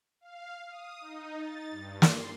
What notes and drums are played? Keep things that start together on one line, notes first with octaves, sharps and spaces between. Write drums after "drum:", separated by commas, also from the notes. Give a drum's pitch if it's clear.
F5
D#6
D#4
A6
G2
C6, drum: snare